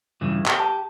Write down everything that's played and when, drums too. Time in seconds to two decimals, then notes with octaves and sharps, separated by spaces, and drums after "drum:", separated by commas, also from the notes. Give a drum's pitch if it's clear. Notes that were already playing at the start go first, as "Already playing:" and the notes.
0.21 G2 C#3 E3
0.46 G4, drum: clap
0.60 A5